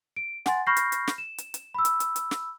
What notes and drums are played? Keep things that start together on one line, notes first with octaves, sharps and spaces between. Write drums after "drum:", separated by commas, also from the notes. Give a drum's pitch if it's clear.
D7
F#5 G#5 C6 A6, drum: snare
B5 C#6 F6 G6 A#6 C7
drum: hi-hat
drum: hi-hat
drum: snare
E7
drum: hi-hat
drum: hi-hat
B5 E6
drum: hi-hat
drum: hi-hat
drum: hi-hat
drum: snare